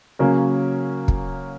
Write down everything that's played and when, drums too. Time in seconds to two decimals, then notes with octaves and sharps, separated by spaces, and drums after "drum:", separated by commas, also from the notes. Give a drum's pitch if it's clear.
0.19 C#3 F#3 A#3 C#4
1.08 drum: kick